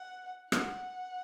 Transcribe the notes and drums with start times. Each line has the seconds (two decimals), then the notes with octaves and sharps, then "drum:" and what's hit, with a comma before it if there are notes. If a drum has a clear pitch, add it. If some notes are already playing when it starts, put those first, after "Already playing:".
Already playing: F#5
0.52 F#5, drum: rim click